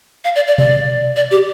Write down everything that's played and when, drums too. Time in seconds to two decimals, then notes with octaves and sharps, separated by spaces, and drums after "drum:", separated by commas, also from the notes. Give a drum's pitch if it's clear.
0.24 F5
0.35 D5
0.48 D5
0.58 D5, drum: tom B2
1.16 D5
1.31 G4